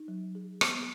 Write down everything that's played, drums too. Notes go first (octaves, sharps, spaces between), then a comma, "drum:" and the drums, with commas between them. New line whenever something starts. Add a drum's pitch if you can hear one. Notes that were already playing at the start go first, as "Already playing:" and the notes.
Already playing: D#4
F#3
G#4
B3, drum: rim click